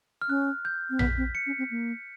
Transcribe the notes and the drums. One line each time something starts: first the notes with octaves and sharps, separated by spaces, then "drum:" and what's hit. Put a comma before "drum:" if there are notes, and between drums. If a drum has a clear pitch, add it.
F6
C#4 F#6
G6
C4
B3 B6, drum: tom A#1
C4
C#7
C#4
C4
A#3